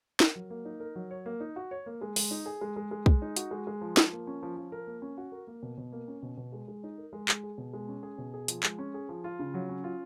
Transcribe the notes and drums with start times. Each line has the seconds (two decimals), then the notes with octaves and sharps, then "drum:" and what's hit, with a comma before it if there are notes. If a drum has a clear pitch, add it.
0.20 A#4, drum: snare
0.35 F#3
0.50 A#3
0.65 D#4
0.80 A#4
0.95 F#3
1.11 C#5
1.26 A#3
1.40 D#4
1.56 F#4
1.71 C#5
1.86 A#3
2.01 G#3
2.16 G#3, drum: open hi-hat
2.31 D#4
2.46 G#4
2.61 G#3
2.76 G#3
2.91 G#3
3.06 G#3, drum: kick
3.22 D#4
3.36 F#4, drum: hi-hat
3.51 G#3
3.67 G#3
3.81 F3
3.97 F3, drum: snare
4.12 A#3
4.27 C#4
4.43 F3
4.57 F3
4.72 A#4
4.87 A#3
5.02 C#4
5.17 F#4
5.32 A#4
5.47 A#3
5.63 B2
5.78 B2
5.92 A#3
6.08 C#4
6.23 B2
6.37 B2
6.52 G#3
6.68 G#3
6.84 D#4
6.98 A#4
7.13 G#3
7.29 G#3, drum: clap
7.43 G#4
7.58 B2
7.73 G#3
7.88 C#4
8.03 G#4
8.18 B2
8.34 G#4
8.48 F3, drum: hi-hat
8.63 G#3, drum: clap
8.79 C#4
8.94 G#4
9.09 F3
9.24 F4
9.39 C#3
9.54 F#3
9.69 C#4
9.84 F4